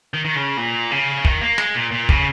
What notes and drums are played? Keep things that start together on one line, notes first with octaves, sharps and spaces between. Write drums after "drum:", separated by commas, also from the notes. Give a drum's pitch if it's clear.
D#3
D#3
C#3
A#2
C#3
D#3, drum: kick
A#3
G#3, drum: snare
A#2
A#2
C#3, drum: kick